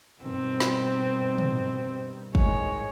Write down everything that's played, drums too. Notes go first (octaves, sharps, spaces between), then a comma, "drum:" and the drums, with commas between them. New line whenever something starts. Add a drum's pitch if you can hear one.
G2 B2 D#3 C4
drum: snare
drum: tom
G#1 A2 D#3 G#3 C#5, drum: kick